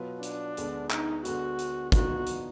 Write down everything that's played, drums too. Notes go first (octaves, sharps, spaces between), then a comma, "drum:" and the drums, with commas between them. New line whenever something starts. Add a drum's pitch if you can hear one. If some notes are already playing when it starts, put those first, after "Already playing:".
Already playing: B2 F#3 B3 F4 B4
D4, drum: hi-hat
D2 D3 G#3 B3, drum: hi-hat
D#4, drum: clap
D2 D3 G#3 B3 F#4, drum: hi-hat
drum: hi-hat
D3 F3 B3 D#4 F#4, drum: kick, hi-hat
drum: hi-hat